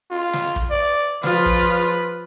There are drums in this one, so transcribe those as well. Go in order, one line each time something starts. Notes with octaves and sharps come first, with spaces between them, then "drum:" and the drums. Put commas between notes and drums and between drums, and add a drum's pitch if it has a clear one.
F4
drum: snare
drum: kick
D5
F3 F4 B4, drum: snare
drum: kick